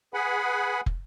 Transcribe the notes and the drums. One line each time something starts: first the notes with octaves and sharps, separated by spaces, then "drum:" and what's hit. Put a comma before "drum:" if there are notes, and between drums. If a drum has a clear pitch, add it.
G#4 B4 F#5 G#5 B5
drum: kick